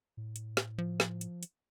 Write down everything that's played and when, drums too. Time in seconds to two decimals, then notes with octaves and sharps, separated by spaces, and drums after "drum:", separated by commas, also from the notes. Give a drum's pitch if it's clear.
0.17 A2
0.36 drum: hi-hat
0.57 drum: snare
0.78 F3
1.00 drum: snare
1.21 drum: hi-hat
1.43 drum: hi-hat